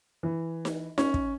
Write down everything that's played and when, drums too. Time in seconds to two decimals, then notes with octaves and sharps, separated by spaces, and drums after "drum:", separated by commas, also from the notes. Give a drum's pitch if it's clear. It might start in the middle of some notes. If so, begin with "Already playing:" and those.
0.23 E3
0.65 drum: snare D#4
0.98 C#4, drum: snare D#4
1.14 drum: kick